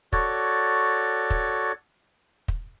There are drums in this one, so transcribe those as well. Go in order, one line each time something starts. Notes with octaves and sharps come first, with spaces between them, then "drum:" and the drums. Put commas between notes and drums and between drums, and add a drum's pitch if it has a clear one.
F#4 A4 C#5 D5, drum: kick
drum: kick
drum: kick